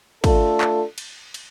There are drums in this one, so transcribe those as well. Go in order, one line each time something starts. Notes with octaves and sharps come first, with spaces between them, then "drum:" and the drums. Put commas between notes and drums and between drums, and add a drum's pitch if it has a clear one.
A3 D4 F4 A4, drum: kick, cymbal
drum: clap
drum: cymbal
drum: cymbal